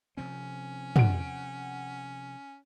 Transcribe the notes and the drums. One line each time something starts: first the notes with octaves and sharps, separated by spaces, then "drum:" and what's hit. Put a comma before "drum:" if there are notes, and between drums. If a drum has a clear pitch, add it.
C3 F3 C4 C#4
F#5 D7, drum: tom